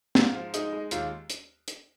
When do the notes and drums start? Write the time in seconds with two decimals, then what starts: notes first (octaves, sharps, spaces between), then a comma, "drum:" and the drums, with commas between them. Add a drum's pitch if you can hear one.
0.15 G#2 F4, drum: snare
0.34 F3
0.54 G#3 D#4, drum: hi-hat
0.73 G#3
0.91 D#2 F4, drum: hi-hat
1.30 drum: hi-hat
1.68 drum: hi-hat